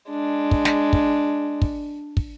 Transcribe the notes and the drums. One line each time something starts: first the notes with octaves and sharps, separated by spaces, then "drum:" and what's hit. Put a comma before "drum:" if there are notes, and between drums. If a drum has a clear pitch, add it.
G#3 D4
drum: kick
drum: snare
drum: kick
drum: kick
drum: kick